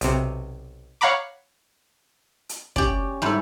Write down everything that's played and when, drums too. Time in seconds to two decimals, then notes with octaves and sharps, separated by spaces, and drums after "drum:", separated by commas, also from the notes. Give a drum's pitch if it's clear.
0.01 B1 C3, drum: hi-hat
1.01 C#5 F5 F#5 A#5 B5 D6
2.49 drum: hi-hat
2.76 C#4 G4 D5, drum: kick
3.22 G#2 G3 C#4 E4 A4